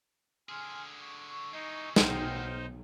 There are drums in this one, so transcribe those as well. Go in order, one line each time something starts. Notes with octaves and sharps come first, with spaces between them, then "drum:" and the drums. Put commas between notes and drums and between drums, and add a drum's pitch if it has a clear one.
D3 G#4 G#5 C6 F6
C#6
E3 G#3 D#4
B1 D#4 C5 F#5 G5 F6, drum: snare